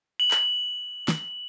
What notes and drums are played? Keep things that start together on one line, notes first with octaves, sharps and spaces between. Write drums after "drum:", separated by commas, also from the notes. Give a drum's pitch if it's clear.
F#7
drum: clap
drum: snare